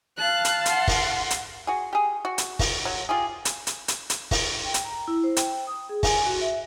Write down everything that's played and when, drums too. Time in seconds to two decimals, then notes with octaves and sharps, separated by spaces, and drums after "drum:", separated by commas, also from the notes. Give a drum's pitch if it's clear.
0.18 F5 A5 F#6
0.45 drum: hi-hat
0.66 F#5 C6, drum: hi-hat
0.88 drum: kick, open hi-hat
1.30 drum: hi-hat
1.67 F#4 G#4
1.93 G4 G#4
2.25 F#4
2.38 drum: hi-hat
2.59 drum: kick, open hi-hat
2.85 F#3
3.09 F4 G4 G#4
3.45 drum: hi-hat
3.67 drum: hi-hat
3.88 drum: hi-hat
4.10 drum: hi-hat
4.31 drum: kick, open hi-hat
4.64 G5
4.74 drum: hi-hat
4.85 A#5
5.08 E4
5.24 C5
5.37 G5, drum: hi-hat
5.67 D#6
5.89 G#4
6.03 G#5, drum: kick, open hi-hat
6.26 F#4
6.41 E5